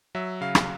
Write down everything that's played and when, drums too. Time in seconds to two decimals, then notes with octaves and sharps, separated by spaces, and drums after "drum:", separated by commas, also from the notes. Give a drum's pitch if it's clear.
0.15 F#3 E5
0.41 C#3 F5
0.55 drum: rim click